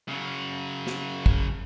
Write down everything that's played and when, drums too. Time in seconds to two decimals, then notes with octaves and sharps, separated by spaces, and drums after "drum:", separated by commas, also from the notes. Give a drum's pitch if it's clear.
0.09 C#3 F#3
0.87 drum: snare
1.26 drum: kick